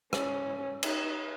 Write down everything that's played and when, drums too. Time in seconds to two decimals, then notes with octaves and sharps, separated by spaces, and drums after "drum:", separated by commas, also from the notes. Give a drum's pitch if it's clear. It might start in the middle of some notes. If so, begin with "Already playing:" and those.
0.13 C#4, drum: rim click
0.83 D#4, drum: cymbal